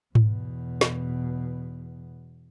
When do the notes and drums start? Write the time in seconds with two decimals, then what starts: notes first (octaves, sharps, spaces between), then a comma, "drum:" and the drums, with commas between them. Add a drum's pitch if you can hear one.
0.15 E2 B2, drum: tom G#2
0.81 drum: snare